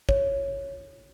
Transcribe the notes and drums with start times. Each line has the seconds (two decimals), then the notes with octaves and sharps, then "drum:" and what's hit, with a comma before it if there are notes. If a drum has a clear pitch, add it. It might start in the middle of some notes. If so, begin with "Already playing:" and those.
0.09 C#5, drum: kick